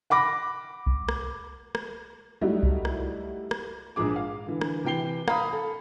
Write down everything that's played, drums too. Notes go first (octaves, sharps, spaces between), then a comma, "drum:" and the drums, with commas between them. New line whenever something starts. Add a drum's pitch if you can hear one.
F#5 B5 D6 A#6
drum: kick C2
drum: rim click
drum: rim click
F#3 G3 A3 D#4 E4 F#4
drum: kick C2
drum: rim click
drum: rim click
A#1 G#2 F3 G#4 D6
F5
D3 E3
drum: rim click
C3 E3 G5 C7 G7
F5 A#5 B5 D#6, drum: rim click
A4